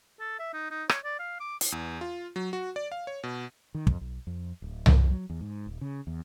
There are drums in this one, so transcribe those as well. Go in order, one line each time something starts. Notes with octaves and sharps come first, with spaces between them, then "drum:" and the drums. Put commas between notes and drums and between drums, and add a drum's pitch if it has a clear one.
A4
E5
D#4
D#4
C#5, drum: rim click
D5
F5
D6
drum: hi-hat
E2
F4
F#3
F#4
D5
F5
C#5
B2
D#3
F2, drum: kick
B1
F2
D1
E2, drum: tom C2
F#3
E2
G#2
D#1
C#3
E2